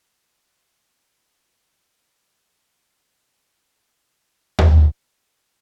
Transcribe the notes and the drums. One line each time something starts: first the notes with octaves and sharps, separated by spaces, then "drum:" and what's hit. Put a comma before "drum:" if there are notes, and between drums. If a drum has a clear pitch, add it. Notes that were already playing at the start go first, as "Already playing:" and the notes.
D#6 F6 G6 G#6 B6 C7
C#2 G#3 D#4 A#5
C3 F3 E4
drum: tom D#2
D#3